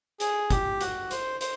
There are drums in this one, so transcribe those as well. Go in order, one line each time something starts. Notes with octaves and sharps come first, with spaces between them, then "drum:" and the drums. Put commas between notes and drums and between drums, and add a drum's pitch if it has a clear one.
G#4, drum: hi-hat
G4, drum: kick, hi-hat
F#4, drum: hi-hat
C5, drum: hi-hat
C5, drum: hi-hat